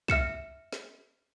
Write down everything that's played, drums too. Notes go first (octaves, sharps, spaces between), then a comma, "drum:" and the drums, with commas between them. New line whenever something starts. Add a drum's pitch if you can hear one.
E5 F6 C#7 E7, drum: kick
drum: snare